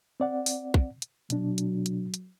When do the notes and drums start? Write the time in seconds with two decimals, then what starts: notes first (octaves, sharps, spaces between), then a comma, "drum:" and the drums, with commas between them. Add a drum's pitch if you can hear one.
0.20 C4 D5 F#5
0.46 drum: open hi-hat
0.74 drum: kick
1.02 drum: hi-hat
1.30 B2 F#3 D4, drum: hi-hat
1.58 drum: hi-hat
1.86 drum: hi-hat
2.14 drum: hi-hat